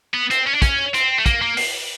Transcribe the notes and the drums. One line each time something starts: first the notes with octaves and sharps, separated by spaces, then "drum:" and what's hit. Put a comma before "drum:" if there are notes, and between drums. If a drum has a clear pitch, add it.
B3
C4, drum: hi-hat
C#4
D4
C#4, drum: kick, hi-hat
C4, drum: hi-hat
A3
A#3, drum: kick, hi-hat
A#3
drum: open hi-hat